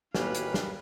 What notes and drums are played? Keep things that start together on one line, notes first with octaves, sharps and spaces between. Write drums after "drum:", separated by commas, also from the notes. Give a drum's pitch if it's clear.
A1 D#3 G3 A#3 F#4 B4 F5 G#5, drum: snare
drum: hi-hat
drum: snare